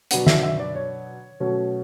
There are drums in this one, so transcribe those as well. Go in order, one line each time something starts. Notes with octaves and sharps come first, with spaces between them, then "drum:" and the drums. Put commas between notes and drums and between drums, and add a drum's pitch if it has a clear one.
B2 F#3 B3 D4 F#5, drum: hi-hat
E5, drum: snare
E5
D5
C#5
B2 F#3 A3 C#4